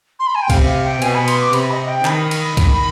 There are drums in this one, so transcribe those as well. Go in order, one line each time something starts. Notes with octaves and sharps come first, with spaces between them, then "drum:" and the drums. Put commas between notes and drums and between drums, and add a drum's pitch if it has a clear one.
C6
B5
G#5
G5
C3 F5, drum: kick, cymbal
F5
G5
B2 G#5, drum: cymbal
B5
C6, drum: cymbal
D6
C3 B5, drum: cymbal
D#5
G5
D#3 B5, drum: clap
drum: cymbal
D#3, drum: kick, cymbal